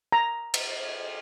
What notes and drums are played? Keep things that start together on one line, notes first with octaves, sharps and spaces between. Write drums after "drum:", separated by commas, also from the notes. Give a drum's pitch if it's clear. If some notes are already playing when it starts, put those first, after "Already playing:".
A#5
drum: cymbal